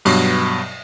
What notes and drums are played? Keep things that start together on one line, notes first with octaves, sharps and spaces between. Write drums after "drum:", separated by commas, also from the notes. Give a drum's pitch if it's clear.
G2 B2 F#3, drum: cymbal